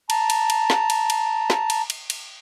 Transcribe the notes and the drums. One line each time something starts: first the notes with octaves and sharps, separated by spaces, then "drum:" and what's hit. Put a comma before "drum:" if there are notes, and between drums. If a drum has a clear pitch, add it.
A5 A#5, drum: cymbal
drum: cymbal
drum: cymbal
drum: snare
drum: cymbal
drum: cymbal
drum: snare
drum: cymbal
drum: cymbal
drum: cymbal